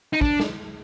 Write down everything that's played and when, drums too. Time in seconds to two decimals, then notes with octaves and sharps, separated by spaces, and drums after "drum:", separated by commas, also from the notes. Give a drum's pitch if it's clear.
0.13 D#4
0.21 D4, drum: kick
0.40 drum: snare